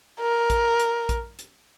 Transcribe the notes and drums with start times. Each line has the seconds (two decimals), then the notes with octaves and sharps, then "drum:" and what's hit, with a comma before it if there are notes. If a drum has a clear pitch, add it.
0.20 A#4
0.50 drum: kick A#1, hi-hat
0.79 drum: hi-hat
1.09 drum: kick A#1, hi-hat
1.39 drum: hi-hat